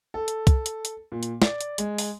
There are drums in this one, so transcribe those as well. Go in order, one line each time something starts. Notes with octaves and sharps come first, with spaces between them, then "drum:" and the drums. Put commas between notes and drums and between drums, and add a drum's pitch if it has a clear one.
A4
drum: hi-hat
drum: kick, hi-hat
drum: hi-hat
drum: hi-hat
A#2
drum: hi-hat
D5, drum: snare
drum: hi-hat
G#3, drum: hi-hat
drum: open hi-hat